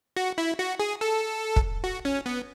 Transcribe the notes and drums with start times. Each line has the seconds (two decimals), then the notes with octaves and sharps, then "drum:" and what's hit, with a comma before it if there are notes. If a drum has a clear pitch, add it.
0.17 F#4
0.38 E4
0.59 F#4
0.80 G#4
1.01 A4
1.56 drum: kick
1.84 F#4
2.05 C#4
2.26 B3